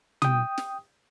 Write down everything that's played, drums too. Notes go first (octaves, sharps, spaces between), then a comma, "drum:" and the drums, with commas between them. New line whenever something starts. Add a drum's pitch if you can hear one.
G5 D#6, drum: tom
drum: snare